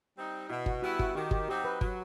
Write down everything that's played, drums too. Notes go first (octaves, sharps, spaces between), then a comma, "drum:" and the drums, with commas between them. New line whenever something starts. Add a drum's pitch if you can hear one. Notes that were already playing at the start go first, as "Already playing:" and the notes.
G3 C4 D#4
B2 E4
F#4, drum: kick G1
G3 B3 E4 F#4
F#4, drum: kick G1
D#3 G4
G4, drum: kick G1
F#3 C4 D#4 G4
B4
F#3, drum: kick G1